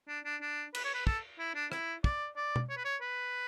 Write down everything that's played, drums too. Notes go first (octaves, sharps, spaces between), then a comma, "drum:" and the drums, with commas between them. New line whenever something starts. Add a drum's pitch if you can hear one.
D4
D4
D4
B4, drum: cymbal
C#5
B4
A4, drum: kick
E4
D4
E4, drum: rim click
D5, drum: kick
D5
drum: tom
C#5
B4
C#5
B4